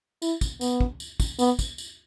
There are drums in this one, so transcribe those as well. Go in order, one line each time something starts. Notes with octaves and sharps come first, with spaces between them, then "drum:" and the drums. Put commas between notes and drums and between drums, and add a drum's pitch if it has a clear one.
E4, drum: tambourine
drum: kick, tambourine
B3, drum: tambourine
drum: kick
drum: tambourine
drum: kick, tambourine
B3, drum: tambourine
drum: kick, tambourine
drum: tambourine